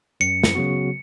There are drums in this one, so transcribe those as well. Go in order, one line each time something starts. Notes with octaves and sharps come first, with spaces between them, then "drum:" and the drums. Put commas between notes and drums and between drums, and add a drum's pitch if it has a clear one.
F#2 C#7
drum: snare
C#3 F#3 B3 F#4